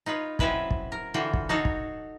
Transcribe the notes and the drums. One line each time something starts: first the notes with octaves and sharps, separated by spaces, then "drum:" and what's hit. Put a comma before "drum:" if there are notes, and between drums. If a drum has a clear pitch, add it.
D#4 F4 B4 C#5
F#3 C4 C#4 E4 B4 D#5, drum: kick
drum: kick
A#4
D3 E3 F4 F#4 G5
drum: kick
D#4 F#4 A4 C#5 F5
drum: kick